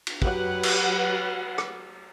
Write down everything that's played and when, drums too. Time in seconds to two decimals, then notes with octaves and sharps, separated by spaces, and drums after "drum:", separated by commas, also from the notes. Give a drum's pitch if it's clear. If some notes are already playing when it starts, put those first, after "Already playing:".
0.07 drum: cymbal
0.22 F#3 G4 B4 F#5, drum: kick
0.63 drum: cymbal
1.58 drum: rim click